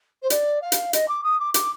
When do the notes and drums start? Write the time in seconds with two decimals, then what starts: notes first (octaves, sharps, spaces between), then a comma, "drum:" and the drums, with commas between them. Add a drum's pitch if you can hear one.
0.22 C5
0.30 D5, drum: hi-hat
0.62 F5
0.72 drum: hi-hat
0.93 D#5, drum: hi-hat
1.08 D6
1.24 D#6
1.40 D6
1.54 D6, drum: hi-hat